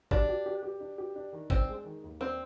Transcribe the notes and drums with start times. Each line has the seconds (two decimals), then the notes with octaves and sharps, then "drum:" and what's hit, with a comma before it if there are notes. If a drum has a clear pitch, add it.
0.11 D4 G4, drum: kick G1
0.29 G4
0.46 G4
0.63 G4
0.80 D4
0.98 G4
1.16 D4
1.33 D#3
1.50 C4 D4, drum: kick G1
1.68 G#3
1.85 D#3
2.04 D#2
2.21 C4 D4